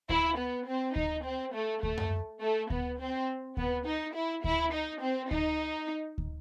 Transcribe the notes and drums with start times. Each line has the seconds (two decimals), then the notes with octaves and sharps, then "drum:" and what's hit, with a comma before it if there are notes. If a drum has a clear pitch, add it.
0.09 E4, drum: kick D2
0.38 B3
0.67 C4
0.96 D#4, drum: kick D2
1.25 C4
1.54 A3
1.83 A3, drum: kick D2
1.97 drum: tom F#2
2.41 A3
2.70 B3, drum: kick D2
2.99 C4
3.57 B3, drum: kick D2
3.86 D#4
4.14 E4
4.44 E4, drum: kick D2
4.73 D#4
5.01 C4
5.31 D#4, drum: kick D2
6.18 drum: kick D2